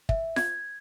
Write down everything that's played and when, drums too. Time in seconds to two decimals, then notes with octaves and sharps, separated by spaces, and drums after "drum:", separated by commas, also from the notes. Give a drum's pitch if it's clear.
0.09 E5, drum: kick
0.36 G#6, drum: snare F4